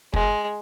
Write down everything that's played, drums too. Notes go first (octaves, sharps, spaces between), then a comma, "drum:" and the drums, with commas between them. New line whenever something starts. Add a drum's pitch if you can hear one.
G#3, drum: kick